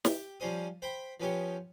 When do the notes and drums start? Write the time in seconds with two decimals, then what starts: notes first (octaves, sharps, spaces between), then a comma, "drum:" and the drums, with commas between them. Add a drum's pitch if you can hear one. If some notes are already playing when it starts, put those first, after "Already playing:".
0.05 G4, drum: snare
0.40 F3 G3 C#4 C5 D#6
0.82 C5 G5 B5
1.20 F3 B3 C#4 G4 C#5